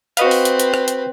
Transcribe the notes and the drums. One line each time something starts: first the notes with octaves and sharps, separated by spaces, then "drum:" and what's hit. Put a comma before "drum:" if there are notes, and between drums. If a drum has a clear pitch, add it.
C4 F#4 B4 D#5 F5, drum: hi-hat
drum: open hi-hat
drum: hi-hat
drum: hi-hat
drum: rim click
drum: hi-hat